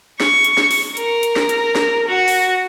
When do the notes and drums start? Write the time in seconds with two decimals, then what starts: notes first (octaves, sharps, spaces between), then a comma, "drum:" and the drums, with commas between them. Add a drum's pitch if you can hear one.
0.20 C#6, drum: snare
0.44 drum: hi-hat
0.57 drum: snare
0.71 drum: open hi-hat
0.97 A#4, drum: hi-hat
1.23 drum: hi-hat
1.36 drum: snare
1.49 drum: hi-hat
1.75 drum: snare
2.08 F#4
2.28 drum: open hi-hat